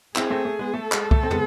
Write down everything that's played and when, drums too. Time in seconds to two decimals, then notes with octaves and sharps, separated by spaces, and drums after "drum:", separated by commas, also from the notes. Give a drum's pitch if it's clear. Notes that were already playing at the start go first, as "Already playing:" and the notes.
0.16 C4 E4 G#4, drum: clap
0.30 A3 C4
0.45 A3
0.59 G#3 B3
0.73 A3 A4
0.92 G#3, drum: clap
1.02 A4
1.11 A3, drum: kick
1.23 C4
1.31 G#3 B3, drum: tom